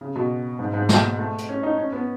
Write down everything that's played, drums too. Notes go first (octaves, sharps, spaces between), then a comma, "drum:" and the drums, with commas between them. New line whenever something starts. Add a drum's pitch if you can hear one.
C#3
B2
G#2
G#2
B2, drum: snare
A3
drum: hi-hat
C#4
D#4
C#4
B3